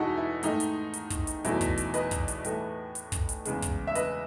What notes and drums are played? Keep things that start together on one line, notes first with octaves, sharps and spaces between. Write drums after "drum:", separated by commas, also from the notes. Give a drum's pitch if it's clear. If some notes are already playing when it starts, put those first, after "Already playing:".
Already playing: E2 B2 G#3 D#4 E4 F#4 G#4 A4
E4
G#2 D#3 A3 D#4, drum: hi-hat
drum: hi-hat
drum: hi-hat
drum: kick, hi-hat
drum: hi-hat
E2 B2 F#3 A3 E4, drum: hi-hat
drum: kick, hi-hat
drum: hi-hat
B4 D#5, drum: hi-hat
drum: kick, hi-hat
drum: hi-hat
A2 E3 A3, drum: hi-hat
drum: hi-hat
drum: kick, hi-hat
drum: hi-hat
E2 C#3 G#3, drum: hi-hat
drum: kick, hi-hat
E5
B4 D#5, drum: hi-hat